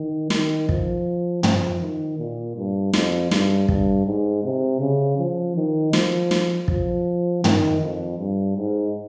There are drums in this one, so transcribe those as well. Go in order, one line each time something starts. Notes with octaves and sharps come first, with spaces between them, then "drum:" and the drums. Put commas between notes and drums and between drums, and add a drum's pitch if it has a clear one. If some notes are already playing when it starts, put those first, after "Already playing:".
Already playing: D#3
D#3, drum: snare
F3, drum: kick
F3, drum: tom
D#3
A#2
G2
F2, drum: snare
G2, drum: snare
G2, drum: kick
G#2
C3
C#3
F3
D#3
F3, drum: snare
drum: snare
F3, drum: kick
D#3, drum: tom
F2
G2
G#2